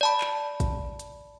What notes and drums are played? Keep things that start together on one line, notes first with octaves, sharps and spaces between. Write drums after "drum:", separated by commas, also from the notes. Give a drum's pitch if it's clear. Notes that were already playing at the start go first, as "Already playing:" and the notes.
D5 A5 B5
drum: clap
drum: kick, hi-hat
drum: hi-hat